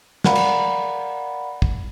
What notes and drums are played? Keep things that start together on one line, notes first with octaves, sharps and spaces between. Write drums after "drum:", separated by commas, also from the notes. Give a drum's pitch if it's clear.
A#4 D5 F5 F#5 A#5 B5, drum: snare
drum: cymbal
drum: kick